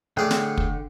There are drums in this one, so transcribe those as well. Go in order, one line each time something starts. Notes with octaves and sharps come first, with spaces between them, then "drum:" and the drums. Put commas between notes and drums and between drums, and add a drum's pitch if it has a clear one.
A2 D3 G#4 D5 G5 F#6
drum: snare
drum: kick